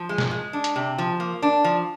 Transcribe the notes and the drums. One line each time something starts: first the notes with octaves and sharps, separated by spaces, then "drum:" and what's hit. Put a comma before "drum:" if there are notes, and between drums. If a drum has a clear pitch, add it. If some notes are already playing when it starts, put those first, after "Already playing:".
Already playing: F3
G#3
drum: snare
G#3
D4
drum: hi-hat
C3
F3
A#3
D4
F3